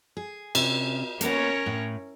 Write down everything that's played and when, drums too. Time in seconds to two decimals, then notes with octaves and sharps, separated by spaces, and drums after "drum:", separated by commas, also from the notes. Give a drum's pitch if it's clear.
0.17 G#4
0.55 C3 C#4, drum: cymbal
1.21 A#3 B3 C#4 A#4 C#5, drum: hi-hat
1.66 A2